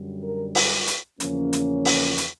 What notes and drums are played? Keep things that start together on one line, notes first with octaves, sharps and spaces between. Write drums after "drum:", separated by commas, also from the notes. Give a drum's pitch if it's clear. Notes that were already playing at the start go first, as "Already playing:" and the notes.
Already playing: F#2 D3 G3
A#4
drum: open hi-hat
drum: hi-hat
E2 C#3 F3 A#3 C#4, drum: hi-hat
drum: hi-hat
drum: open hi-hat
drum: hi-hat